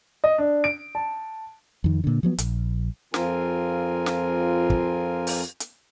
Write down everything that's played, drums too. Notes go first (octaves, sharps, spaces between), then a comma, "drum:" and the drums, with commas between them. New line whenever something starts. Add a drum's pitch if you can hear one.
D#5
D4
D7
A5
F2 D#3
A#2 D3
F3 F#3 B3
A#1, drum: hi-hat
F2 F3 C4 F4 A#4 G#5, drum: snare
drum: snare
drum: kick
drum: open hi-hat
drum: hi-hat